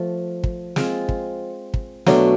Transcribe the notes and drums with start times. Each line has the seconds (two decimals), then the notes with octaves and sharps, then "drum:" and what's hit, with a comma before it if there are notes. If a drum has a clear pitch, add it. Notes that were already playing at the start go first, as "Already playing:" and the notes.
Already playing: F3 A3 F4
0.44 drum: kick
0.76 G#3 C4 F4, drum: snare
1.09 drum: kick
1.74 drum: kick
2.06 B2 F#3 A3 D4, drum: snare